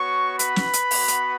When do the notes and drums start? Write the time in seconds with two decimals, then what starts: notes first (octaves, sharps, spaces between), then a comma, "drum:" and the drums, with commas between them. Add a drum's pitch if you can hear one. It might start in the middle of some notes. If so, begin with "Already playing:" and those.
Already playing: B3 F#4 C#5 C#6
0.39 B4 B5, drum: hi-hat
0.56 drum: snare
0.74 drum: hi-hat
0.91 B3 F#4, drum: open hi-hat
1.08 drum: hi-hat